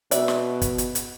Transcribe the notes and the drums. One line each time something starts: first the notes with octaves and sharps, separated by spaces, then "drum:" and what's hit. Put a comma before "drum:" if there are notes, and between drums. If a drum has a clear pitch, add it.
B2 D5 E5, drum: hi-hat
drum: snare
drum: kick, hi-hat
drum: hi-hat
drum: hi-hat